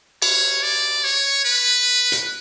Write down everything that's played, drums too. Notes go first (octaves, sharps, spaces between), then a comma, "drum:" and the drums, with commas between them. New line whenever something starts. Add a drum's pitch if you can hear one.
C#5, drum: cymbal
D5
C#5
B4
drum: hi-hat